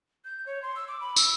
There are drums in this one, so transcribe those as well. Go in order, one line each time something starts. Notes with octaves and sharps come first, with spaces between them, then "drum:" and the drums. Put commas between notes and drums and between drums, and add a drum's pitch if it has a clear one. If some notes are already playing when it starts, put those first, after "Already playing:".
G6
C#5
C6
E6
D6
B5
E6, drum: tambourine